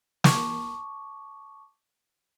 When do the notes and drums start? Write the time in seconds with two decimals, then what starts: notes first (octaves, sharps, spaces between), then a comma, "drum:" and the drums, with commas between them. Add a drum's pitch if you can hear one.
0.24 A5 C#6 D6, drum: snare